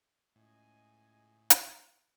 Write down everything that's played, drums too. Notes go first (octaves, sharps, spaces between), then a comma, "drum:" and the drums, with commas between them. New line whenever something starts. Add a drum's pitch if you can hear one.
C#2 A2 D#5 G#5
drum: hi-hat